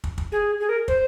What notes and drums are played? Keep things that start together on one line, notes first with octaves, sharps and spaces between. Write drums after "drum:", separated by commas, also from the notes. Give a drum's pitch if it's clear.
drum: kick
drum: kick
G#4
G#4
A#4
C5, drum: kick